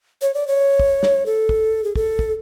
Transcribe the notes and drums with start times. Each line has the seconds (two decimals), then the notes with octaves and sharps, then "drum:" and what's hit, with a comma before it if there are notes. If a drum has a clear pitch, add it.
0.22 C#5
0.34 D5
0.47 C#5
0.79 drum: kick
1.03 drum: snare
1.26 A4
1.49 drum: kick
1.84 G#4
1.96 A4, drum: kick
2.19 drum: kick